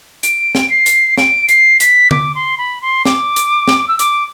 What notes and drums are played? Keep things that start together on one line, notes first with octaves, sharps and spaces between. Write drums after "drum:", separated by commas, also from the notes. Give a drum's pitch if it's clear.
D7, drum: hi-hat
drum: snare
C7
drum: hi-hat
D7, drum: snare
C7, drum: hi-hat
B6, drum: hi-hat
D6, drum: tom D3
C6
B5
C6
D6, drum: snare
drum: hi-hat
drum: snare
E6
D6, drum: hi-hat